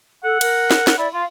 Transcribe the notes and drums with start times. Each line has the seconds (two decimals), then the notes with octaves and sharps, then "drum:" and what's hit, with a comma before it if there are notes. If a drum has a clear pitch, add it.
0.24 A4 F#5
0.41 A#4, drum: cymbal
0.71 drum: snare
0.87 drum: snare
0.98 E4 D5
1.13 F4 F5